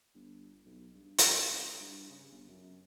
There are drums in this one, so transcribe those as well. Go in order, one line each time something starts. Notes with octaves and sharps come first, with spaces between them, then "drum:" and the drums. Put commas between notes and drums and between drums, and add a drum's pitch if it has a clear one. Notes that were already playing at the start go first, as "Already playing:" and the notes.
G1
B1
G2
drum: hi-hat
C#2
G2
C#3
G1
F#2